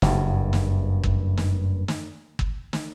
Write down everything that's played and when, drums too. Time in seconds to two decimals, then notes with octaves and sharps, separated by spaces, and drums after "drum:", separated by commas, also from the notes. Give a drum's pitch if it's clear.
0.02 F#1 G2, drum: snare
0.53 drum: snare
1.04 drum: kick
1.37 drum: snare
1.88 drum: snare
2.39 drum: kick
2.73 drum: snare